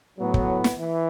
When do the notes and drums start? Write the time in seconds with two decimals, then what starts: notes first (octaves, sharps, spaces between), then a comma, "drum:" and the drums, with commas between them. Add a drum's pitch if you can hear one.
0.18 A2 F#3 B3
0.34 drum: kick
0.64 drum: snare
0.79 E3